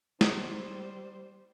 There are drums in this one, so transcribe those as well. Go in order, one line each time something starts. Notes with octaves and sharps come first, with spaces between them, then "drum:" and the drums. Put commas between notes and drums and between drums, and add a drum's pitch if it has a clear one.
G3 C5, drum: snare